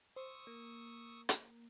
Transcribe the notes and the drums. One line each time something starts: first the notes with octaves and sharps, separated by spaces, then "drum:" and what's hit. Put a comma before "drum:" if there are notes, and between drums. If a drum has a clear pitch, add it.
C5 C#6 D#6 E6
A#3
drum: hi-hat